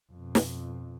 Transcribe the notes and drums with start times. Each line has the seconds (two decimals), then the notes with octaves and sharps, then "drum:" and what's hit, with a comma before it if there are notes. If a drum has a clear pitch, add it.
0.12 F2 B2
0.35 drum: snare